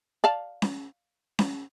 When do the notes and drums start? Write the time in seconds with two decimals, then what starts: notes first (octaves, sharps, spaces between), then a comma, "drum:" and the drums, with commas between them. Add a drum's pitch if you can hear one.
0.24 D5 F5 A5
0.62 drum: snare C#4
1.39 drum: snare C#4